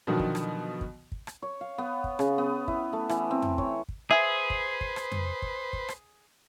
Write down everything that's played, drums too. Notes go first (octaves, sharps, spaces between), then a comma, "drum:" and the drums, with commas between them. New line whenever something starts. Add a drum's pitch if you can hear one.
B2 D3 D#3 F3 F#3
drum: kick
drum: rim click
drum: kick
drum: kick
drum: rim click
C#5
F5
B3
drum: kick
C#3, drum: rim click
B3
E4, drum: kick
A3
E3, drum: rim click
C4
drum: tom F2
C#5, drum: kick
drum: kick
G#4 B4 C5 E5 G#5
drum: kick
drum: kick
drum: rim click
drum: tom F2
drum: kick
drum: kick
drum: rim click